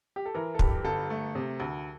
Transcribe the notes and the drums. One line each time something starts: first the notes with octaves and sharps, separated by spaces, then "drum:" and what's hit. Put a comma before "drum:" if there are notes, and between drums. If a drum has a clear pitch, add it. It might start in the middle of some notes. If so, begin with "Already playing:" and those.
G4
A4
E3 A#4
A4
G2 G4, drum: kick
G1 A4
A3
C3
D2